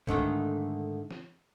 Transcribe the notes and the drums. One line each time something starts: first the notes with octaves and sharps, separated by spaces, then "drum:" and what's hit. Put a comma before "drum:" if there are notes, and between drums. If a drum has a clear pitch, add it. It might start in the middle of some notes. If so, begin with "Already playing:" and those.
G#2 D3 D#3 A3, drum: kick C2
drum: snare